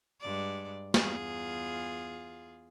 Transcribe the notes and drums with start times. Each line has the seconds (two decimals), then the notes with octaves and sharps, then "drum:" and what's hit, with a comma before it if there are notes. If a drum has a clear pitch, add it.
0.21 G2 G#3 D5
0.94 E2 F4 G#4, drum: snare